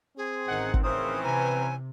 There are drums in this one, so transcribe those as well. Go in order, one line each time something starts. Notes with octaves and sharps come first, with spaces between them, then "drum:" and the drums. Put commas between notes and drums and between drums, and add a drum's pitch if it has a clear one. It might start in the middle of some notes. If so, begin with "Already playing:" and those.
C4 G#4
A1 D#3 D#4 F#5
drum: kick G#1
C#3 E3 C4 C#4 A#4 C5 D#6
C3 B4 G#5 A#5